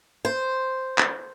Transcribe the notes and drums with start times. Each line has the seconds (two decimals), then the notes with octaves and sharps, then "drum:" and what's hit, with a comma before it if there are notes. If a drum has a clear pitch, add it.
0.25 C5
0.98 drum: clap